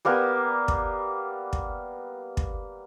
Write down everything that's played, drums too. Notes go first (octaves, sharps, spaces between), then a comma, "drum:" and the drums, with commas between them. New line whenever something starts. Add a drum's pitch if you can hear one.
G3 A#3 B3 A#4
drum: kick
drum: kick
drum: kick